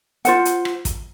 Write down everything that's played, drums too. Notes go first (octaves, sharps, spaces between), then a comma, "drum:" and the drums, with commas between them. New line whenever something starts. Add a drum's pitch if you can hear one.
F4 C5 F#5, drum: hi-hat
drum: hi-hat
drum: rim click
drum: kick, hi-hat